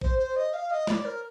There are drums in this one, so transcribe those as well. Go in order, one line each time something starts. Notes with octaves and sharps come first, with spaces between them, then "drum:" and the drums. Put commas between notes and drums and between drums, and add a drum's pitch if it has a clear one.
C5, drum: kick A1
C5
D#5
F5
D#5
D5, drum: snare
A#4